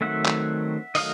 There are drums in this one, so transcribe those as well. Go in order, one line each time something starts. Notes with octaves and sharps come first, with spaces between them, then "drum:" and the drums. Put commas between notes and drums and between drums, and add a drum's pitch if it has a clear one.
D#3 F#3 A3 C4 E5 F#5
drum: clap
D#3 F#3 A3 D#5 F5, drum: open hi-hat